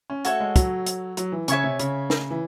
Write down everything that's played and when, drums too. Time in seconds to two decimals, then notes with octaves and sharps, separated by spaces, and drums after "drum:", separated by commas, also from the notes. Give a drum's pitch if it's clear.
0.10 C#4
0.25 A3 F#4 A4 C#5, drum: hi-hat
0.40 G#3
0.56 F#3, drum: kick, hi-hat
0.86 drum: hi-hat
1.17 F#3, drum: hi-hat
1.32 E3
1.48 C#3 C#5 E5 G#5 C#6, drum: hi-hat
1.64 C3
1.79 C#3, drum: hi-hat
2.10 drum: snare
2.31 E3